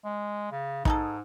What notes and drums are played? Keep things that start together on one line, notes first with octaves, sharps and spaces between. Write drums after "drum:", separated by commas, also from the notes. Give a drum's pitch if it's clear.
G#3
C#3
G#2 D#4 G#4 A4, drum: kick